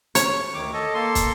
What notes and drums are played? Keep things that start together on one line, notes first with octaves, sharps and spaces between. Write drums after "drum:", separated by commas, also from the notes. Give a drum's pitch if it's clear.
C#5, drum: hi-hat
D2 D#3 D6
A4 D#5
A#3 A4 C6
drum: kick, hi-hat